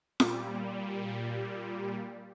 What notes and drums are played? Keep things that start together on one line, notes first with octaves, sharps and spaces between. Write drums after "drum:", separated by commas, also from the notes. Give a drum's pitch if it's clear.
A#2 G3, drum: snare